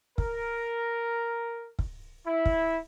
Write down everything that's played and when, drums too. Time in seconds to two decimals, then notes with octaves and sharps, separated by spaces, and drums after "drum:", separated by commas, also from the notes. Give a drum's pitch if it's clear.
0.18 A#4, drum: kick
1.79 drum: kick
2.26 E4
2.46 drum: kick